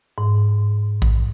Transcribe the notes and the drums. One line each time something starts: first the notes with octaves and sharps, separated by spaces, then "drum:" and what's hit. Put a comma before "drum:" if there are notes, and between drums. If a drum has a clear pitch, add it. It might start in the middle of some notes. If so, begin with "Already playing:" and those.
G#2
drum: kick A1